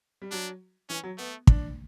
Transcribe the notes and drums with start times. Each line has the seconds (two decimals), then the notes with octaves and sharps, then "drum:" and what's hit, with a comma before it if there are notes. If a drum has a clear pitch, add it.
0.22 G3
0.31 F#3 D4
0.90 E3 C#4
1.03 F#3
1.18 A3 B3
1.47 D4, drum: kick